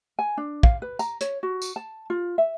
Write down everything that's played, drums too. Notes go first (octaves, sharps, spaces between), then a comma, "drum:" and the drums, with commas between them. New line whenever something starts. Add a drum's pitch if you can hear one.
G#5
D4
F5, drum: kick
B4
A#5, drum: tambourine
C#5, drum: hi-hat
F#4
drum: tambourine
A5
F4
E5